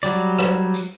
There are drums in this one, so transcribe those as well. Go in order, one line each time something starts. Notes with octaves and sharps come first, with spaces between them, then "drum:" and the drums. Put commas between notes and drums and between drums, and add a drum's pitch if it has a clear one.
F#3 G3 D5, drum: tambourine
drum: rim click
drum: tambourine